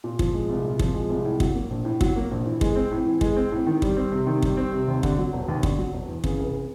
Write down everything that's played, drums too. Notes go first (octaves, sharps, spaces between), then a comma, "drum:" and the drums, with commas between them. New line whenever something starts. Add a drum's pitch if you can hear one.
A#2
F3, drum: kick
G#3
C2
A#2
F3, drum: kick
G#3
C2
A2
F#3, drum: kick
A#3
A#1
A2
F#3, drum: kick
A#3
A#1
E3
G#3, drum: kick
C4
A2
E3
G#3, drum: kick
C4
A2
D#3
G3, drum: kick
C4
C3
D#3
G3, drum: kick
C4
C3
D#2
D3, drum: kick
F#3
E1
D#2
D3, drum: kick
F#3
E1
E2
C#3, drum: kick
F1